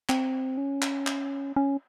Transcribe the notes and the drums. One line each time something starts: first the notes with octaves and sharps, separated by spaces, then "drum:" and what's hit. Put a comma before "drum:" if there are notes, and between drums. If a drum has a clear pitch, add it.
C4, drum: clap
C#4
drum: clap
drum: clap
C#4